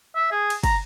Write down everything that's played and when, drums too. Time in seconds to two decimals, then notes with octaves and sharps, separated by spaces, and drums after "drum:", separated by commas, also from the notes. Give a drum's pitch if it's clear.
0.16 E5
0.31 G#4
0.50 drum: cymbal
0.64 A#5, drum: kick, cymbal